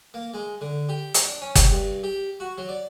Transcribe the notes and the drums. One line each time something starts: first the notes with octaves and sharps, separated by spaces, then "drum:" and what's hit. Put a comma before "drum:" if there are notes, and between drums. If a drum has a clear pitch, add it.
A#3
G#3
D3
G4
drum: hi-hat
D4
C#4
G4, drum: kick F#1, hi-hat
G2
G4
F#4
F#3
D5